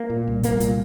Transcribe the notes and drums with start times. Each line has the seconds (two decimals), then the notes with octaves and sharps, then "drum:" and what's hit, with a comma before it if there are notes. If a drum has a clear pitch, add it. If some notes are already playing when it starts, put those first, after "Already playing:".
Already playing: A#3
0.10 A#2
0.27 C2
0.43 C2 A#3, drum: kick, hi-hat
0.60 A#2, drum: hi-hat